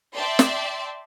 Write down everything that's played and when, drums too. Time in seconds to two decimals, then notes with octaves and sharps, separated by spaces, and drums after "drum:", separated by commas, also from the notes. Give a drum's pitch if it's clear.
0.15 D5 E5 G5 A5 C6
0.39 drum: snare